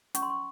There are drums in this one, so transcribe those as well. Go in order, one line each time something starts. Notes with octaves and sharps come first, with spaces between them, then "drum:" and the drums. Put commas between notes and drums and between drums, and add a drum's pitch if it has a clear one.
C#4 C#6, drum: hi-hat
C6
C#6